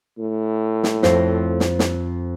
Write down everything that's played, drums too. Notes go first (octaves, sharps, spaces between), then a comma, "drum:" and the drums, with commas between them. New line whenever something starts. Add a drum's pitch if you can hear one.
A2
drum: snare
F2 C5 A#6, drum: snare
drum: snare
drum: snare